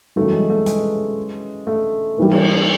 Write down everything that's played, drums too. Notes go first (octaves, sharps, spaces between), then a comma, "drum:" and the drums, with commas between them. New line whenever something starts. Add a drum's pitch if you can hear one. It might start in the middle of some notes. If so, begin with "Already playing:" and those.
F#2 C#3 E3 G3 A3
G#3
A3
G#3, drum: hi-hat
A3
G#2 E3 G3 A#3
drum: cymbal